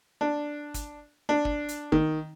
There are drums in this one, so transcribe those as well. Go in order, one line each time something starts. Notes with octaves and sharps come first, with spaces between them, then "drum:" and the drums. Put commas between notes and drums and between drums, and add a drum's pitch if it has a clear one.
D4
drum: kick, hi-hat
D4
drum: kick
drum: hi-hat
D#3, drum: kick